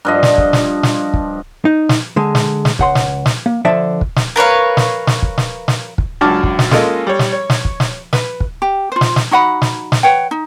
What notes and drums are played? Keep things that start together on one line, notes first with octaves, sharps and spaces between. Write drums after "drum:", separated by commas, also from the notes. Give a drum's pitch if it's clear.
G2 F3 D#5
drum: snare
drum: kick
drum: snare
drum: snare
drum: kick
D#4
drum: snare
D3 G#3
drum: snare
drum: snare
C#2 F#5 C6, drum: kick
drum: snare
drum: snare
A#3
D3 F3 D5 E5 A5
drum: kick
drum: snare
A#4 B4 C#5 F5
drum: snare
drum: snare
drum: kick
drum: snare
drum: snare
drum: kick
C#2 F#2 D4 A5 D6 F6
drum: kick
drum: snare
G#3 A#3 C#4 F4 A4 D#5, drum: snare
G3 C#5
drum: snare
C#5
drum: snare
drum: kick
drum: snare
B4, drum: snare
drum: kick
G4
F4 C5
drum: snare
drum: snare
D#4 F#4 F#5 B5
drum: snare
drum: snare
B4 C#5 F#5 G5
D#4